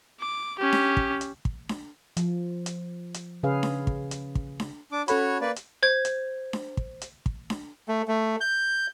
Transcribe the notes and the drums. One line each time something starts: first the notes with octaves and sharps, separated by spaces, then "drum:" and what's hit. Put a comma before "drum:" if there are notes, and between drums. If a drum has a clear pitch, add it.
D6
C#4 G4
drum: snare D4
drum: kick
drum: hi-hat
drum: kick
drum: snare D4
F3, drum: hi-hat
drum: hi-hat
drum: hi-hat
C#3 C#4 G#4 B4 F5
drum: snare D4
drum: kick
drum: hi-hat
drum: kick
drum: snare D4
D4 D6
C#4 F#4 A4 C#5 B5, drum: hi-hat
A#3 B4 D5
drum: hi-hat
C5 G#6
drum: hi-hat
drum: snare D4
drum: kick
drum: hi-hat
drum: kick
drum: snare D4
A3
A3
G6